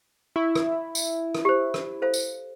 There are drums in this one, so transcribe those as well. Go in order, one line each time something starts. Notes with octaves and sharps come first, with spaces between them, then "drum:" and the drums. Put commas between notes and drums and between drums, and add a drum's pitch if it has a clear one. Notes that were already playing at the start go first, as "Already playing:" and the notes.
E4 C#6
drum: rim click
drum: tambourine
drum: rim click
G4 C5
drum: rim click
A4 C5 F5
drum: tambourine